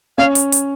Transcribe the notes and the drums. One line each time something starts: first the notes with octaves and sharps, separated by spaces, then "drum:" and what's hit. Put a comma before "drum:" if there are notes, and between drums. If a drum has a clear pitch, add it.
C#4 C#5 F5
drum: hi-hat
drum: hi-hat